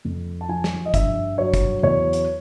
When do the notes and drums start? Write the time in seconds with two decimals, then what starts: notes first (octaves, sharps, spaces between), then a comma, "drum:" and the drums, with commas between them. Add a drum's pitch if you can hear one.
0.05 F2
0.41 A5
0.49 F3 G#5
0.64 drum: snare
0.85 D#5
0.94 G2 E5, drum: kick, hi-hat
1.38 F#3 C#5
1.54 drum: kick, hi-hat
1.83 E2 C#5
2.13 drum: hi-hat